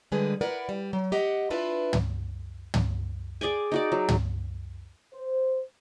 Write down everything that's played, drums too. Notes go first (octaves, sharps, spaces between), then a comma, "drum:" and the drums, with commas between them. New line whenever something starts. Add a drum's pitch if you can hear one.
D3 G3 G#3 G#4 B4
E4 A#4 B4 D5 F#5
G3
F#3
G4 D#5 F#5
D4 E4 F4 B4
drum: tom
drum: tom
G#4 D5 G5 G#5
D#4 F#4 D5
F#3
drum: tom
C5